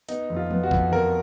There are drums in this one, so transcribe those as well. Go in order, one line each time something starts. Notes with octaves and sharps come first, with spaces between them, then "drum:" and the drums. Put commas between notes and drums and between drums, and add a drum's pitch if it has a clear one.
B3 D#4, drum: hi-hat
F2
F4
B3, drum: tom F3
F#4
F2, drum: kick B1
F2 A#4